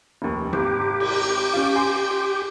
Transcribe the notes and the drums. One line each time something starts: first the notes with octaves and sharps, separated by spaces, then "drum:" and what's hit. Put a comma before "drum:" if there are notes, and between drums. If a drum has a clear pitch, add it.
F1 D#2
G#1 G4, drum: tom C3
drum: cymbal
C#4 F4
G#5 C6